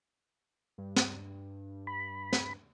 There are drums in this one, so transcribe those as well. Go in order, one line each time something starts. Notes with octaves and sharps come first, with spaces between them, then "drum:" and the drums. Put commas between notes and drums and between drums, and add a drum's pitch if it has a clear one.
G2
drum: snare
B5
drum: snare